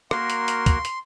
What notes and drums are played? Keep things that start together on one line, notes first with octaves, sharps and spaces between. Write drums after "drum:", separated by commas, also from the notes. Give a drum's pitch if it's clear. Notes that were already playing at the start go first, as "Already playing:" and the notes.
A#3 F#4 A#4 C6, drum: rim click
drum: hi-hat
drum: hi-hat
drum: kick, hi-hat
drum: hi-hat